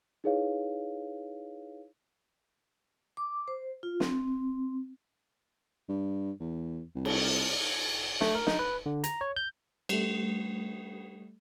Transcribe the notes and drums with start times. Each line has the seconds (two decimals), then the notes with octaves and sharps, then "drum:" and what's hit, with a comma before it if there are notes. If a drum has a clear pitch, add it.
0.24 D#4 E4 G#4 B4 C#5 F5
3.17 D6
3.48 C5
3.83 F4
4.00 C4, drum: snare
5.89 G2
6.40 E2
6.95 C2
7.05 drum: cymbal
8.21 A3, drum: snare
8.35 A#4
8.47 D#4, drum: snare
8.59 B4
8.86 D3
9.04 A#5, drum: hi-hat
9.21 C#5
9.36 G6
9.89 G3 A3, drum: cymbal